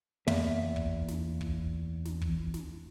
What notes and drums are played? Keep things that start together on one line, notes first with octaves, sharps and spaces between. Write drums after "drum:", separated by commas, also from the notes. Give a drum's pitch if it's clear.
E2 A#3 E5, drum: tom
drum: kick
drum: snare
drum: kick
drum: snare
drum: kick
drum: snare